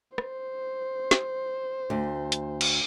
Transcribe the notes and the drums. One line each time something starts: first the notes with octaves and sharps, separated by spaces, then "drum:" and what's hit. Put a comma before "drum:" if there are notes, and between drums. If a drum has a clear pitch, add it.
C5, drum: rim click
drum: snare
D2
drum: hi-hat
drum: cymbal